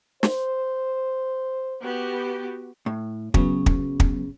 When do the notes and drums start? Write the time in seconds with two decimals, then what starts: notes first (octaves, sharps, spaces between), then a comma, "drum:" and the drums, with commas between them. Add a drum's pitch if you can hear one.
0.23 C5, drum: snare
1.81 B3 F#4 G4
2.86 A2
3.34 C#3 F#3 B3, drum: kick
3.66 drum: kick
4.00 drum: kick